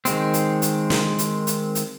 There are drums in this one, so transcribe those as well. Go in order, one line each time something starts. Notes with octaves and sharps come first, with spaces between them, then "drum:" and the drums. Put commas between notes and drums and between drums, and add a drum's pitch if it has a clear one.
D#3 G#3 C4, drum: hi-hat
drum: hi-hat
drum: hi-hat
drum: snare
drum: hi-hat
drum: hi-hat
drum: hi-hat